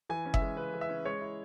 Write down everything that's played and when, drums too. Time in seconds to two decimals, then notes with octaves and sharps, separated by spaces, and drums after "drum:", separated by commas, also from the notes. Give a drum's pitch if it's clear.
0.09 E3 G#5
0.25 C#4
0.34 E5, drum: kick F#1
0.41 G#3
0.57 C#3 B4
0.74 E3
0.81 E5
0.89 C#4
1.05 G#3 C#5
1.21 E4